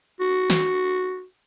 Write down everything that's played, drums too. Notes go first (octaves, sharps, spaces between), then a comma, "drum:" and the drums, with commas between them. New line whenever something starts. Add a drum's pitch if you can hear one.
F#4
drum: snare